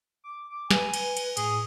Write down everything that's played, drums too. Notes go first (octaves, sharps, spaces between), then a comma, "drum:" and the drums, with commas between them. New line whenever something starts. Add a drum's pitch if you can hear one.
D6
D6
B4 G#5, drum: snare
drum: cymbal
drum: cymbal
A2 G#4, drum: cymbal